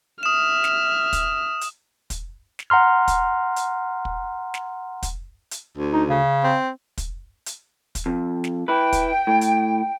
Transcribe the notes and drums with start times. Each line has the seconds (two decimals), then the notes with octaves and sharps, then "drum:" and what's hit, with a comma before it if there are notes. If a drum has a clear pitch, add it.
0.23 E5 D#6 F6 E7
0.64 drum: snare
1.13 drum: kick, hi-hat
1.61 drum: hi-hat
2.10 drum: kick, hi-hat
2.59 drum: snare
2.70 F#5 A#5 C6 F6
3.08 drum: kick, hi-hat
3.56 drum: hi-hat
4.05 drum: kick
4.54 drum: snare
5.03 drum: kick, hi-hat
5.51 drum: hi-hat
5.77 D2
5.93 D#4
6.09 C#3
6.44 C4
6.98 drum: kick, hi-hat
7.46 drum: hi-hat
7.95 drum: kick, hi-hat
8.06 F2
8.44 drum: snare
8.68 E4 B4 G5
8.93 drum: kick, hi-hat
9.27 A2
9.41 drum: hi-hat